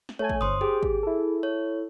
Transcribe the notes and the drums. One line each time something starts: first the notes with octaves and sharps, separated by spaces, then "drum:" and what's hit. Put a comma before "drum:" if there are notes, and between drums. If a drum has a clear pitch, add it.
drum: snare
A3 A4 C#5 G#5
drum: kick G#1
G1 C5 C6 D#6
G4 G#4
drum: kick G#1
E4 A4
C#5